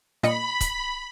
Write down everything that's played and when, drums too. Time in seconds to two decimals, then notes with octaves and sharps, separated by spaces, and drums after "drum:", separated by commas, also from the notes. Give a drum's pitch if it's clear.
0.23 A#2 D#5 B5 C#7, drum: snare
0.61 drum: kick, hi-hat